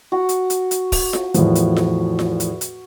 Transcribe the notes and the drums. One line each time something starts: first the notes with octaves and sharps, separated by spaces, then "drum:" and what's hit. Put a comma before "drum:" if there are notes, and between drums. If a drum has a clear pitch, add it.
F#4
drum: hi-hat
drum: hi-hat
drum: hi-hat
drum: kick D1, open hi-hat
drum: snare F4
E2 A2 F3, drum: hi-hat
drum: hi-hat
drum: snare F4
drum: snare F4
drum: hi-hat
drum: hi-hat